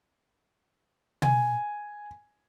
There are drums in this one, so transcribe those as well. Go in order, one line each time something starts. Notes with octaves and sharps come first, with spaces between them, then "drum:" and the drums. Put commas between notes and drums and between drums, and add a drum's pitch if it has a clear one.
G#5, drum: tom B2